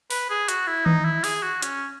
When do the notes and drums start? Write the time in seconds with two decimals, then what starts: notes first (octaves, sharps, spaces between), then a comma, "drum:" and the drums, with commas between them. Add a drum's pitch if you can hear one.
0.10 B4, drum: open hi-hat
0.30 G#4
0.48 F#4, drum: hi-hat
0.67 E4
0.86 D#4, drum: tom D#3
1.05 E4
1.24 G#4, drum: open hi-hat
1.43 F#4
1.62 C#4, drum: hi-hat